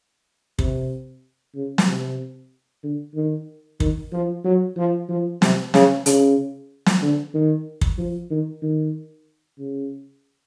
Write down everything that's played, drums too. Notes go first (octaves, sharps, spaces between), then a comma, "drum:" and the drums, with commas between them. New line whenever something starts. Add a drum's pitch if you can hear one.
C3, drum: kick
C#3
drum: snare
C3
D3
D#3
D#3, drum: kick
F3
F#3
F3
F3
C3, drum: snare
C#3, drum: snare
C#3, drum: hi-hat
drum: snare
D3
D#3
drum: kick
F3
D#3
D#3
C#3